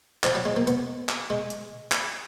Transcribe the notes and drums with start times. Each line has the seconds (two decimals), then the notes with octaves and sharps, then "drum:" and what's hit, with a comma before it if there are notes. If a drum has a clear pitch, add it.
0.24 F3, drum: clap
0.35 F#3
0.45 G#3
0.56 A#3
0.67 B3, drum: hi-hat
1.09 drum: clap
1.30 G#3
1.50 drum: hi-hat
1.92 drum: clap